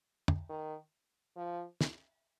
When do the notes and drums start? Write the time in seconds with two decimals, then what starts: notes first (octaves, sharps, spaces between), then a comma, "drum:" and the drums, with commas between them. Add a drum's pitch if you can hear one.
0.28 drum: tom
0.49 D#3
1.37 F3
1.81 drum: snare